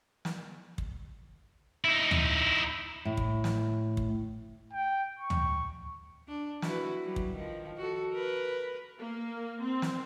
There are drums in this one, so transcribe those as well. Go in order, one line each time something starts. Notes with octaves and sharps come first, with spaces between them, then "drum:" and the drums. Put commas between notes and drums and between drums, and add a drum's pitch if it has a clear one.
drum: snare
drum: kick
D#4 E4
drum: tom
A2
drum: kick
drum: snare
drum: kick
G5
C#6
drum: tom
D4
E4 F#4 B4, drum: snare
F#3 G3
drum: kick
D#3 F3
F#4 A4
A#4 B4
A#3
C4
drum: snare